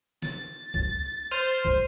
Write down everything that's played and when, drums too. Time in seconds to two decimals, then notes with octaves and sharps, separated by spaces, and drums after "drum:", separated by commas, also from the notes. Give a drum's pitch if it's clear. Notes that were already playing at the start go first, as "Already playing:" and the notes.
0.22 A6, drum: snare
0.74 drum: kick
1.31 C5 F6 D#7 F7
1.65 drum: kick